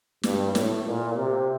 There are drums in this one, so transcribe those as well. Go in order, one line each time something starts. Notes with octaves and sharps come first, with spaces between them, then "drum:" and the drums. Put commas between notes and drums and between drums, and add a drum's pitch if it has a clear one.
G2, drum: snare
A2, drum: snare
A#2
C3